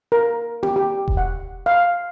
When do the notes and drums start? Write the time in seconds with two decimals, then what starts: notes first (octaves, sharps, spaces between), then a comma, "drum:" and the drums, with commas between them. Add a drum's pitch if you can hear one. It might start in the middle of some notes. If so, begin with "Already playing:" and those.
0.12 A#4
0.63 G4, drum: tom A#3
0.76 G4
1.08 drum: kick E1
1.17 F#5
1.66 F5